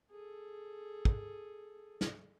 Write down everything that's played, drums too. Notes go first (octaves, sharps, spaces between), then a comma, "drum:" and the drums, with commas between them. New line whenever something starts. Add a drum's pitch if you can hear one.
G#4 A4
drum: kick
drum: snare